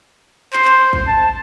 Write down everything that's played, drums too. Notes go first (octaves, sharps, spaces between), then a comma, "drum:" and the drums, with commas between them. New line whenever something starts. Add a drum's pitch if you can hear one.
C5, drum: clap
drum: clap
drum: kick
A5